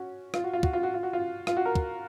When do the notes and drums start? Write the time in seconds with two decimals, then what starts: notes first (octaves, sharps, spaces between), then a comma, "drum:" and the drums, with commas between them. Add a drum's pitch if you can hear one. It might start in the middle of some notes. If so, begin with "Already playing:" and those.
Already playing: C#4 F#4
0.34 F4, drum: rim click
0.44 F#4
0.53 F4
0.63 F#4, drum: kick
0.73 F4
0.83 F#4
0.94 F4
1.03 F#4
1.13 F4
1.47 F4, drum: rim click
1.57 F#4
1.65 A#4
1.75 drum: kick